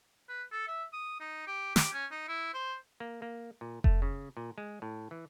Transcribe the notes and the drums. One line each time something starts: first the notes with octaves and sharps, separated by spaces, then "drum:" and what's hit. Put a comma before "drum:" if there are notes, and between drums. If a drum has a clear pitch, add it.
B4
A4
E5
D#6
D#4
G4
G4, drum: snare
C#4
D#4
E4
C5
A#3
A#3
A#2
A3, drum: kick F1
C#3
A#2
G#3
A2
E3